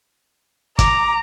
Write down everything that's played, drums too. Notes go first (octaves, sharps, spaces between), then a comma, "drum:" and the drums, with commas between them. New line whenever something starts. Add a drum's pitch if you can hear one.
A#5 D6, drum: kick, hi-hat